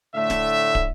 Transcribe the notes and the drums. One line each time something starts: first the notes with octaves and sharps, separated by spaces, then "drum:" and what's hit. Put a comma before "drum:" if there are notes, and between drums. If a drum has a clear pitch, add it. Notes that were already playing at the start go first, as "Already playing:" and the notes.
A2 D3 A3 E5
drum: snare D1
drum: kick